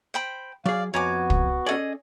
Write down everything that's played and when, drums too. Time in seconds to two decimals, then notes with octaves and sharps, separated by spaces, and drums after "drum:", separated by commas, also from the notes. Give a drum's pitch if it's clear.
0.14 C5 G5 B5
0.66 F#3 G#4 D5 F5
0.94 F2 B3 F#4 C#5 G#5 A#5 D6
1.30 drum: kick
1.66 C#4 G#4 A4 D5 D#5